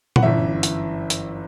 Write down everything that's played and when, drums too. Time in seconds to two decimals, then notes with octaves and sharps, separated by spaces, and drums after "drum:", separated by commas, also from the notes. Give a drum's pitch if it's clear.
0.16 F#5, drum: tom A#2
0.23 G1 F#2 E3 E5
0.63 drum: hi-hat
1.10 drum: hi-hat